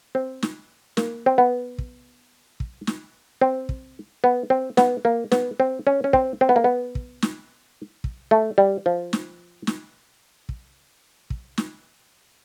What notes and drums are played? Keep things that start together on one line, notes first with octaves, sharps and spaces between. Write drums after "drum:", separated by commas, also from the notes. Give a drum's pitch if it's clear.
C4
drum: snare
A#3, drum: snare
C4
B3
drum: kick
drum: kick
drum: snare
C4
drum: kick
B3
C4
B3, drum: snare
A#3
B3, drum: snare
C4
C#4
C#4
C4, drum: kick
C4
B3
A#3
B3
drum: kick
drum: snare
drum: kick
A3
G3
F3
drum: snare
drum: snare
drum: kick
drum: kick
drum: snare